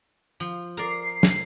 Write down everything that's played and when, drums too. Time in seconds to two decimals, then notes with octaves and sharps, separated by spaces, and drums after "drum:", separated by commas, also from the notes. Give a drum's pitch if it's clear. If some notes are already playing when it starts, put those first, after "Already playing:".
0.40 F3
0.77 A#4 D5 C7
1.23 drum: snare